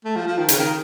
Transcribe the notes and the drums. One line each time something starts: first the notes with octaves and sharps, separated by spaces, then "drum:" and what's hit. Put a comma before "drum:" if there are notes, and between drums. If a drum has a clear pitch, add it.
A3
F3
F3
D#3
C#3, drum: hi-hat
D#3